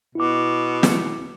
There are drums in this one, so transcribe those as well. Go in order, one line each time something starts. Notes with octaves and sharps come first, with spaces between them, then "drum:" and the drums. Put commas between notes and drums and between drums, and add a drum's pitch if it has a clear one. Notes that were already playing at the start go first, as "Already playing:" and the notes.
B2 E4 D6
drum: snare